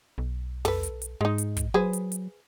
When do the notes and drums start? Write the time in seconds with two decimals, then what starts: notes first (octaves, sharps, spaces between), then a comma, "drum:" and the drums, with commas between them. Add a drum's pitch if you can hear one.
0.18 B1
0.65 A4 B4, drum: tom
0.83 drum: hi-hat
1.02 drum: hi-hat
1.21 G#2 G#3 D#4
1.38 drum: hi-hat
1.57 drum: kick, hi-hat
1.74 F#3 G#4 B4 C5
1.93 drum: hi-hat
2.12 drum: hi-hat